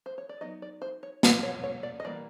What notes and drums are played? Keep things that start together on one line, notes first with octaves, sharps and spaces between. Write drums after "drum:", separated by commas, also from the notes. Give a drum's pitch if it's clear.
C5
C#5
D5
F#3 B3 D#4 D#5
D5
C5
C#5
D5, drum: snare
C#5
C#5
D5
D#5
E3 G3 A#3 D5